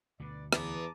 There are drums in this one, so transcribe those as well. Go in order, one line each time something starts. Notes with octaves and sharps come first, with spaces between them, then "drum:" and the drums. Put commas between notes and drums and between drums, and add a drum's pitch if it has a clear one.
D2 B2 D3 B4 D5
E2 E3 B3 A5 A#5 D6, drum: rim click